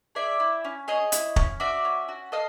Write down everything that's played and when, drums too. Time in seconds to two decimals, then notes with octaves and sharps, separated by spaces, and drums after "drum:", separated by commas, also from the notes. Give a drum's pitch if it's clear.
0.15 G#4 D5 E5
0.40 E4
0.64 C#4
0.88 G#4 C#5 D#5
1.12 E4, drum: hi-hat
1.36 C#4, drum: kick
1.60 F#4 D5 E5
1.85 C#4
2.08 F#4
2.32 A4 D#5 F5